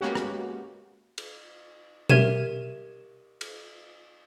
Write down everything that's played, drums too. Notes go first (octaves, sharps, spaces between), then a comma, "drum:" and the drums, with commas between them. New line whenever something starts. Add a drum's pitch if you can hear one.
G#3 A#3 B3 C#4 F#4 G4
drum: rim click
drum: cymbal
G4 A#4 E5 G#6 D#7 E7, drum: tom B2
drum: cymbal